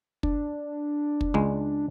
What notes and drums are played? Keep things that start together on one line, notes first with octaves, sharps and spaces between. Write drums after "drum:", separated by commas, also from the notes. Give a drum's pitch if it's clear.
D4, drum: kick
drum: kick
C#2 G#3